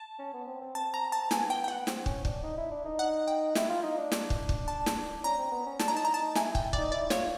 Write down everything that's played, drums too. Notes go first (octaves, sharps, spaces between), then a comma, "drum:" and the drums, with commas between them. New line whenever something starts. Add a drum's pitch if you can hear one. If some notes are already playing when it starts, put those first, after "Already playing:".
Already playing: A5
C#4
B3
C4
C4
C4 A5
A#5
A5
B3 G#5, drum: snare
G5
G5
F#5
C4, drum: snare
C#4, drum: kick
D4, drum: kick
D#4
E4
D4
D#4
F#5
G5
E4, drum: snare
F4
D#4
D4
drum: snare
drum: kick
drum: kick
A5
drum: snare
C#4 A#5
C4
B3
C#4
D4 A5, drum: snare
A#5
D#4 A5
D#4 A#5
A5
D#4
E4 G#5, drum: snare
E4
G5, drum: kick
E4
D5, drum: kick
D#4
E4 D5
F4 C#5, drum: snare